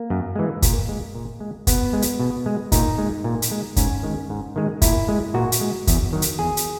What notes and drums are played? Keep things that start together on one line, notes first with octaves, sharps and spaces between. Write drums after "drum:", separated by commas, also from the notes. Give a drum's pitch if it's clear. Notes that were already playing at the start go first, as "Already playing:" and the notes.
Already playing: A#3
F#2
E3 G#3
A#2, drum: kick, hi-hat
G#3
A#2
G#3
B2 B3, drum: kick, hi-hat
G#3
drum: hi-hat
B2
G#3
A#2 D#4, drum: kick, hi-hat
G#3
A#2
drum: hi-hat
G#3
G#2 C#4, drum: kick, hi-hat
D#3 G#3
G#2
D#3 G#3
A#2 E4, drum: kick, hi-hat
G#3
A#2 F#4
drum: hi-hat
G#3
E2, drum: kick, hi-hat
D#3 F#3
drum: hi-hat
E2 G#4
drum: hi-hat